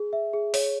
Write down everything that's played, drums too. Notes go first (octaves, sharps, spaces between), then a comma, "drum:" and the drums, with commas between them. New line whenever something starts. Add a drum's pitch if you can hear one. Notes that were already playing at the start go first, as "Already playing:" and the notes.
Already playing: G#4
E5
G#4
C#5, drum: open hi-hat